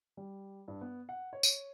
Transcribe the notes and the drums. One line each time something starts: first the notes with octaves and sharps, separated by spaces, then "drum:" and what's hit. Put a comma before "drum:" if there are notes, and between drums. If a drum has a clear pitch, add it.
G3
G2
B3
F#5
C#5
drum: tambourine